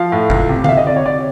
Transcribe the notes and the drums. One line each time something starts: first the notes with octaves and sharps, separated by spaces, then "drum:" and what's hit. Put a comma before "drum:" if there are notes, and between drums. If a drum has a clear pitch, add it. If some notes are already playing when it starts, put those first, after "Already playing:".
Already playing: F3 F5
A2
C#2, drum: kick G1
C3
F5, drum: tom D3
C3 E5
D#5
C3 D5
C#5
C3 D5